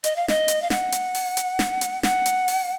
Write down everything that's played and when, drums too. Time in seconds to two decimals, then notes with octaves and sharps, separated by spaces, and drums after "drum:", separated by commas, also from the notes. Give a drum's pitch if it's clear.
0.04 D#5, drum: hi-hat
0.16 F5
0.28 D#5, drum: snare
0.48 drum: hi-hat
0.62 F5
0.70 F#5, drum: snare
0.92 drum: hi-hat
1.15 drum: open hi-hat
1.37 drum: hi-hat
1.59 drum: snare
1.81 drum: hi-hat
2.03 F#5, drum: snare
2.26 drum: hi-hat
2.48 drum: open hi-hat